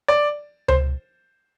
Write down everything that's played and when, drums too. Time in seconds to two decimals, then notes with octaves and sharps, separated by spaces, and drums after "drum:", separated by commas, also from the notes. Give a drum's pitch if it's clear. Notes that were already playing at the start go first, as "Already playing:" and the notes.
0.08 D5
0.68 C5, drum: tom C#2